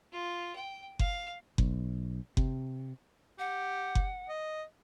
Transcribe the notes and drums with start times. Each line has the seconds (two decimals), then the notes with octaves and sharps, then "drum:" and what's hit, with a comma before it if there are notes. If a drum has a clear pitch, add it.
0.12 F4
0.56 G5
0.99 F5, drum: kick F#1
1.58 B1, drum: kick F#1
2.37 C3, drum: kick F#1
3.39 G4 F#5
3.95 drum: kick F#1
4.29 D#5